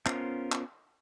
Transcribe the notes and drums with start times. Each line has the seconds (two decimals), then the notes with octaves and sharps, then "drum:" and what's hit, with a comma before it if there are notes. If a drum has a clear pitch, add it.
0.06 B3 C#4 F4 A#4 C5, drum: clap
0.52 drum: clap